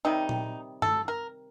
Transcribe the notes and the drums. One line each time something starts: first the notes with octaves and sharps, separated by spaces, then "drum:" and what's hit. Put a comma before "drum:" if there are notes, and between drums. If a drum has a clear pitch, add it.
C3 D#3 G3 D#4
drum: tom A#2
A4, drum: tom
A#4